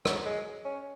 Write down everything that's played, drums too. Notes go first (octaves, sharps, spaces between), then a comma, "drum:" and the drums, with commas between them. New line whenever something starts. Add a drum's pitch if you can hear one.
F#3, drum: rim click
G#3
C#4